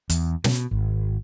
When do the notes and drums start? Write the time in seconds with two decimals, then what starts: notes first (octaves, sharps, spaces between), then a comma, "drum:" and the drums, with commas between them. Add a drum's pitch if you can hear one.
0.10 E2, drum: hi-hat
0.44 B2, drum: snare
0.71 G#1